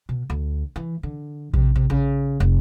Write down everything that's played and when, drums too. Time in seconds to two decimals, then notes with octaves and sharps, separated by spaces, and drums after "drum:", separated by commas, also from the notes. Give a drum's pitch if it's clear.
0.09 B2
0.30 D2
0.76 E3
1.03 D3
1.54 C3, drum: kick A#1
1.76 C3
1.90 C#3
2.40 F1